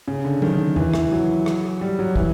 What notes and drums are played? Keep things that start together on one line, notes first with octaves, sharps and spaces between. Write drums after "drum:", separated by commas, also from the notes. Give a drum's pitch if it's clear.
C#3
D3
D#3, drum: tom F#3
E3, drum: tom E2
E3, drum: rim click
F#3
drum: rim click
G3
F#3
E3, drum: kick